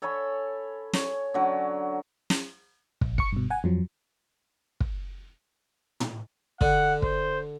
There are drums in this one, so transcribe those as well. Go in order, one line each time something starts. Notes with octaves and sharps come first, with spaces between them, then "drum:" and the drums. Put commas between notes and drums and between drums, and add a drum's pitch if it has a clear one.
A4 C#5 G#5 B5
C#5, drum: snare
D3 F#3 C#4
drum: snare
A#1, drum: kick
C#6 C#7, drum: kick
G2 B2
F#5 G#5
F2 F3 F#3
drum: kick
drum: tom
D3 F#5, drum: kick
C5, drum: kick